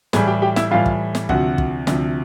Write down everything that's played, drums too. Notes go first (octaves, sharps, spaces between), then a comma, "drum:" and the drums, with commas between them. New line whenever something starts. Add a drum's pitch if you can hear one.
A2 E3 G3 G#4 G#5, drum: snare
G4 G5
G4 G5
E4 E5, drum: snare
A2 E3 G3 F4 F5
drum: kick
drum: snare
D2 C3 F3 F#4 F#5, drum: kick
drum: kick
D2 C3 F3, drum: snare